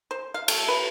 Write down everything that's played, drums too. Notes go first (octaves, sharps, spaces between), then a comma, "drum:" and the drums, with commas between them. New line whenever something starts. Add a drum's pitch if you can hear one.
C5
F5
A3, drum: cymbal
B4